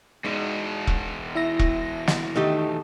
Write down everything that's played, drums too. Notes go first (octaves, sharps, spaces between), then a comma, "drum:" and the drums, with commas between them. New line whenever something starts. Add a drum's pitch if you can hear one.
E2 B2 G#3 D#4 D5
drum: kick E1
E4 E5 A#6
drum: kick E1
drum: snare
D#3 A3 D#4 G4